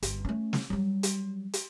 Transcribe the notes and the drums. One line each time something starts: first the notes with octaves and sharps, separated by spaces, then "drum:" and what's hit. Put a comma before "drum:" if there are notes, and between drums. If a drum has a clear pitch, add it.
G1, drum: hi-hat
A3 C#4
drum: snare
F#3 G3
drum: hi-hat
drum: hi-hat